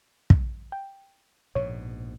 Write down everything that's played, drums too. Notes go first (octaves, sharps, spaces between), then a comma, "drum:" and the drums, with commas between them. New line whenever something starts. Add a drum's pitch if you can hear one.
drum: kick
G5
A#1 G#2 B2 C#5